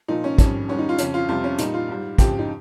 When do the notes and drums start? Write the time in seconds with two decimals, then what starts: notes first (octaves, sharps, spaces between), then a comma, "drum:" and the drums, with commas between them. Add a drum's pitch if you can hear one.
0.08 A#2 F3 D#4
0.24 C#4
0.38 F2 D#3 G3 C#4, drum: kick, hi-hat
0.69 G#2 D#3 G3 C#4
0.78 D#4
0.89 F4
0.98 F2 C#3 F3 C#4, drum: hi-hat
1.14 F4
1.28 F2 C3 G3 F4
1.44 C#4
1.58 A#2 G3 D#4, drum: hi-hat
1.74 F4
1.88 G#2 G3
2.18 F2 C#3 F3 G4, drum: kick, hi-hat
2.39 D#4